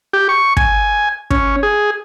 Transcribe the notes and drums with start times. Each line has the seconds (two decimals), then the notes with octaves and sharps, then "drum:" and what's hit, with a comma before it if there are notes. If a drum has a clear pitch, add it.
0.13 G4
0.29 C#6
0.57 G#5, drum: kick
1.31 C#4, drum: kick
1.63 G#4